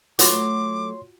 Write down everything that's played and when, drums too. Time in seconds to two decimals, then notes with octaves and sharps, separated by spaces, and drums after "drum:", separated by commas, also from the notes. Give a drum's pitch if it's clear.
0.19 F#3 A3 F4 F#4 C#5 F#5 C6 D6, drum: hi-hat